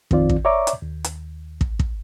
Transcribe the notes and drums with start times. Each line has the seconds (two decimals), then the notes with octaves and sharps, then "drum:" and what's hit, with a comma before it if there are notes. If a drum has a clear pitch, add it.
0.11 F2 D#3 C4 F4 D5, drum: kick
0.29 drum: kick
0.45 C#5 D5 E5 A#5 C#6 D6
0.67 drum: hi-hat
0.82 D#2
1.04 drum: hi-hat
1.61 drum: kick
1.79 drum: kick